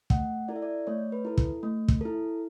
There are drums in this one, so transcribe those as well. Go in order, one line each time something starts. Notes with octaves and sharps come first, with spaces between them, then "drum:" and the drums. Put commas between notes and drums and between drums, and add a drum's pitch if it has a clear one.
A3 F#5, drum: kick
E4 A4 D5
E5
D5
A3 C#5
B4
E4 A4
drum: kick
A3
drum: kick
E4 A4